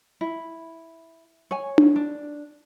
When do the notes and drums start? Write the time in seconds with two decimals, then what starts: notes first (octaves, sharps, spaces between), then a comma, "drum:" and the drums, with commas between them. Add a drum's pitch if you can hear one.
0.21 E4
1.51 C#5 G#5
1.78 drum: tom D4
1.96 D4